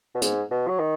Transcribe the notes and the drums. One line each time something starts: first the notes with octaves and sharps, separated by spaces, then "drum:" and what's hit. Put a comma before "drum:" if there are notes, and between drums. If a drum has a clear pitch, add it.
B2
G#2, drum: hi-hat
B2
F#3
D#3